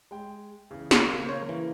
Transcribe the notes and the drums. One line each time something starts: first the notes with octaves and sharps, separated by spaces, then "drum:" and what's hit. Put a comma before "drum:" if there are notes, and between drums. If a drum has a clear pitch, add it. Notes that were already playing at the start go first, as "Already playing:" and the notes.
G#3 G5
E2 C#3
drum: snare
C#3 A#3
C5 C#5
E3